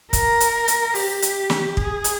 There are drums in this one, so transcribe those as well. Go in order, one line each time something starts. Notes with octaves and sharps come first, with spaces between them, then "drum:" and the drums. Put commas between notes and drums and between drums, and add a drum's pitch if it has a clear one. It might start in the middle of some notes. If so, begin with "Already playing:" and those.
A#4, drum: kick, hi-hat
drum: hi-hat
drum: hi-hat
G4, drum: open hi-hat
drum: hi-hat
drum: snare
G#4, drum: kick
drum: hi-hat